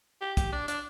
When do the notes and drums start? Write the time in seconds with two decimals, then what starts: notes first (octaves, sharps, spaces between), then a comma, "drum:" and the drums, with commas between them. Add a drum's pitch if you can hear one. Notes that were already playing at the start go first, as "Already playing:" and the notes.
0.21 G4
0.37 G4, drum: kick, hi-hat
0.52 D4
0.68 D4, drum: hi-hat